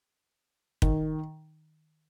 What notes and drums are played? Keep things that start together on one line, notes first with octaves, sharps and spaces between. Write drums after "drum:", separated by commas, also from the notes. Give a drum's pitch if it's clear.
D#3, drum: kick